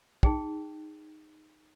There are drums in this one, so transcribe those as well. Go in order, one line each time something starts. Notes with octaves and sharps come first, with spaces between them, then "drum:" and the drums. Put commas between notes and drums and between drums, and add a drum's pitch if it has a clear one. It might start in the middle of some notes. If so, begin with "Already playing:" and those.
D#4 G#4 G5, drum: kick